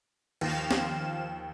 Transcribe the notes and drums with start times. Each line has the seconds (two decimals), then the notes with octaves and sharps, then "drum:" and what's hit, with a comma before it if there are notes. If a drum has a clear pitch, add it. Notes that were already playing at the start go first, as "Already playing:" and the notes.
0.41 D#2 F3 F5 E7, drum: cymbal
0.71 drum: snare